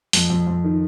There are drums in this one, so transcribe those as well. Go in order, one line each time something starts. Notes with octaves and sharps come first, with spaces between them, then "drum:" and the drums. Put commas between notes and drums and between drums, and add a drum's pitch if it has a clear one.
F2, drum: hi-hat
F2
F2
D#3